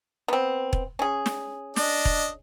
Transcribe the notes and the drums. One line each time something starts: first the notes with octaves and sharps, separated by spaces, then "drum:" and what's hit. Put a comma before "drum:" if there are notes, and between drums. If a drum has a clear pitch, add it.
B3 C4
drum: kick E1
C#4 G#4
drum: snare
D4 D#5, drum: snare
drum: kick E1